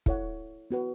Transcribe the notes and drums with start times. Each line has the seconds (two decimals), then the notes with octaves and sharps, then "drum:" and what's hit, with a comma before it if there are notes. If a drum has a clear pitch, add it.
0.06 E4 A4 C#5 F#5, drum: kick
0.71 B3 F#4 B4